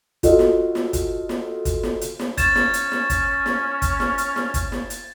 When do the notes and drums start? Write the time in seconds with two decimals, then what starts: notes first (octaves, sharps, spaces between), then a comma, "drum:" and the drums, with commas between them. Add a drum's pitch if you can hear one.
0.23 F4 F#4 A4 D#5, drum: kick, hi-hat
0.39 drum: snare
0.75 drum: snare
0.93 drum: kick, hi-hat
1.29 drum: snare
1.65 drum: kick, hi-hat
1.83 drum: snare
2.01 drum: hi-hat
2.19 drum: snare
2.37 C#4 G#6 A6 E7, drum: kick, hi-hat
2.56 drum: snare
2.74 drum: hi-hat
2.92 drum: snare
3.10 drum: kick, hi-hat
3.46 drum: snare
3.82 drum: kick, hi-hat
4.00 drum: snare
4.18 drum: hi-hat
4.36 drum: snare
4.54 drum: kick, hi-hat
4.72 drum: snare
4.90 drum: hi-hat